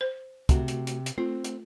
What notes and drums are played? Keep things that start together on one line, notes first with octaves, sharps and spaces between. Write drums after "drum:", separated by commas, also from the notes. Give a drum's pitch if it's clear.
C5
C3 A3 F#4, drum: kick, hi-hat
drum: hi-hat
drum: hi-hat
drum: hi-hat
A3 C4 F4
drum: hi-hat